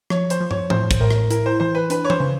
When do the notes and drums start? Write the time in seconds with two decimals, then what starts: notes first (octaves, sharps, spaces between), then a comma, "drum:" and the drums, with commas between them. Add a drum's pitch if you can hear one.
0.10 F3 C#5, drum: rim click
0.30 C5, drum: hi-hat
0.41 F3
0.51 C#5, drum: tom
0.70 A2 C5, drum: tom E3
0.91 drum: kick, hi-hat
1.00 A2 A#4
1.11 drum: rim click
1.30 E4 A#4, drum: hi-hat
1.46 C5
1.60 E3 C5
1.75 B4
1.90 D4 B4, drum: hi-hat
2.04 C#5
2.10 C5, drum: tom E3
2.20 C#3